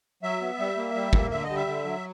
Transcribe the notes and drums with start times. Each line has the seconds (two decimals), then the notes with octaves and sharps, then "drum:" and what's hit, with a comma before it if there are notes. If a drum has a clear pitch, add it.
0.23 F#3 E5
0.41 B3
0.59 G3
0.77 A#3
0.95 G3
1.13 A#3, drum: kick
1.31 D3 E5
1.44 D#5
1.49 G3
1.56 E5
1.67 D3
1.85 F#3